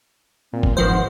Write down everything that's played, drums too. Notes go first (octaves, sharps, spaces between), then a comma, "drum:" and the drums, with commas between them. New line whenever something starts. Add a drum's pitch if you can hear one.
A#2 C4
drum: kick
G#2 D#3 F3 B4 C5
F#5